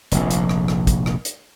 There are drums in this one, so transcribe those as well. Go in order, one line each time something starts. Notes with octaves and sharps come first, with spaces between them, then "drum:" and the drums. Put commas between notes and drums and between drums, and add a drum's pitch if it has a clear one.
F1 A#1, drum: hi-hat
drum: hi-hat
drum: rim click
drum: rim click
drum: kick, hi-hat
drum: rim click
drum: hi-hat